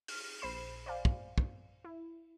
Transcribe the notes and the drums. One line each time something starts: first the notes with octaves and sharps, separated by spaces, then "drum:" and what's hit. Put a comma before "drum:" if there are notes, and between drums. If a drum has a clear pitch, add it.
F6, drum: open hi-hat
A#1 C5 B5 C7 E7
C5 D5 F5 G#5
drum: kick
drum: kick
E4